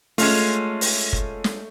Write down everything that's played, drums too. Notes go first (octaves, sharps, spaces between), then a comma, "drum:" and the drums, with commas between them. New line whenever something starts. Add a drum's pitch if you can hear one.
G#3 A3 C#4 F4, drum: open hi-hat
drum: open hi-hat
drum: kick
drum: snare